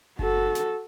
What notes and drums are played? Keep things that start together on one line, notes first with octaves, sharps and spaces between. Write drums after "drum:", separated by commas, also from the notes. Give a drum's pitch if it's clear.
F#4 A4, drum: kick F#1
drum: snare